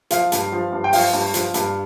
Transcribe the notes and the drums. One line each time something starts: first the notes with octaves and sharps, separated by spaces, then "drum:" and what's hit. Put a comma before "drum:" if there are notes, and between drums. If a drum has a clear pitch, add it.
F3 F5, drum: hi-hat
G2, drum: hi-hat
F3
G2
G5
F3 F5, drum: open hi-hat
G2
F3, drum: hi-hat
G2, drum: hi-hat